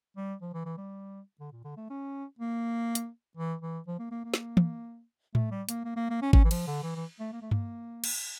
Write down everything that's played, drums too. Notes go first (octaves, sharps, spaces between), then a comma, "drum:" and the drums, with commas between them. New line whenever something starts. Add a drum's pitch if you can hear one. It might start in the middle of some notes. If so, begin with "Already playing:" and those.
G3
F3
E3
E3
G3
D3
A#2
D3
A3
C#4
A#3
drum: hi-hat
E3
E3
F3
A#3
A#3
A#3
drum: snare
drum: tom
A3, drum: tom A2
G3
A#3, drum: hi-hat
A#3
A#3
A#3
C#4
C#4, drum: kick G#1
E3
F3, drum: cymbal
D3
E3
E3
A3
A#3
A3
A#3, drum: tom G2
drum: cymbal